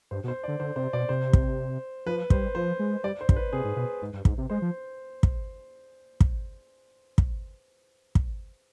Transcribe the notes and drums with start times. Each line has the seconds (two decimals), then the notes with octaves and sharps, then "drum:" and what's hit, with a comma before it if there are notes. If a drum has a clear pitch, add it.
0.11 G2 C5
0.24 B2
0.28 C5
0.44 D5
0.48 D3
0.60 D3 C5
0.76 C3 C5
0.93 B2 D5
1.09 C3 C5
1.33 drum: kick
2.06 F3 B4
2.30 G3 C5, drum: kick
2.55 F3 C5
2.79 G#3
3.04 G3 D5
3.21 C5
3.29 G2, drum: kick
3.36 B4
3.53 C3 G#4
3.65 G#2
3.76 B2 B4
4.02 G#2
4.13 G2
4.25 G#2, drum: kick
4.38 C3
4.50 G#3 C5
4.62 F3
5.23 drum: kick
6.21 drum: kick
7.18 drum: kick
8.15 drum: kick